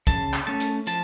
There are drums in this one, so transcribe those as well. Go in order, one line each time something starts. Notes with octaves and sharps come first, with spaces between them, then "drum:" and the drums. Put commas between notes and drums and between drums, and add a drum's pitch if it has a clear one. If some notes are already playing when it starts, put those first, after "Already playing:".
C#3 A5, drum: kick, hi-hat
drum: clap
A3 C#4 A5
drum: hi-hat
F3 A5, drum: hi-hat